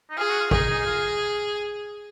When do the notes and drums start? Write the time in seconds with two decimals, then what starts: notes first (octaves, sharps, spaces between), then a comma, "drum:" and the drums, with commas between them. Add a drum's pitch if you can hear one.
0.10 D#4
0.18 F4 G#4
0.29 F#4
0.40 F4
0.51 D#4 G#4, drum: kick
0.70 D#4
0.86 F4